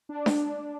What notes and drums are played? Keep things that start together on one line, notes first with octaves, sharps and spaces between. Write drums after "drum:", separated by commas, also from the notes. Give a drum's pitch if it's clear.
D4
drum: snare D4